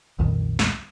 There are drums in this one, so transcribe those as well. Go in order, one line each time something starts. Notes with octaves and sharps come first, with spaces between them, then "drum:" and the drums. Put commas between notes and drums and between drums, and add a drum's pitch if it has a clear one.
B1 F2 A#2 D#3
drum: snare